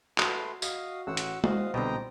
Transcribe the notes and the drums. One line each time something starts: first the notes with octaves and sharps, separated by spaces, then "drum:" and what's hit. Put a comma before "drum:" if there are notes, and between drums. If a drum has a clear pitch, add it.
A3 F#4 B4 C6, drum: clap
F#4 D#5 F5, drum: tambourine
A1 F#5 E6
drum: hi-hat
F#4 C5 D#5 F5, drum: tom G#3
C2 B2 D3 D#5 G5 A#5